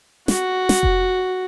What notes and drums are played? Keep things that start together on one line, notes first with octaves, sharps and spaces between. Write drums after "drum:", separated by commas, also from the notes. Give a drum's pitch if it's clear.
F#4, drum: snare
drum: snare
drum: kick F1